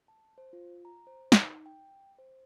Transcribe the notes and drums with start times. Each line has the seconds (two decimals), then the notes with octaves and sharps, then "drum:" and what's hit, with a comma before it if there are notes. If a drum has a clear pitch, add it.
0.08 A5
0.38 C5
0.53 F4
0.85 A#5
1.07 C5
1.32 D#4, drum: snare
1.66 G5
2.19 C5